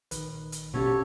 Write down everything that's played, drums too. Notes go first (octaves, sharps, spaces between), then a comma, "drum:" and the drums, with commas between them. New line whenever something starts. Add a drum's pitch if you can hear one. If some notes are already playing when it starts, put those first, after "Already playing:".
A#1 D#3 B4, drum: hi-hat
drum: hi-hat
B2 C4 C#4 F#4 G4 A4 C#5